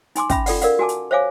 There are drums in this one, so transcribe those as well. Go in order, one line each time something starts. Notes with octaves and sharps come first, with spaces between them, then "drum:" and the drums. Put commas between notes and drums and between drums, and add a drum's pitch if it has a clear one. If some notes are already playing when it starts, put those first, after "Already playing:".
D#4 G#5 C6 D6, drum: hi-hat
C#4 E5 B5, drum: kick, hi-hat
F4 A4 D5 F#5, drum: open hi-hat
A#4 D5 F5 F#5, drum: hi-hat
F#4 G#5 A5 D6
drum: hi-hat
C5 C#5 E5 F5 G#5 D6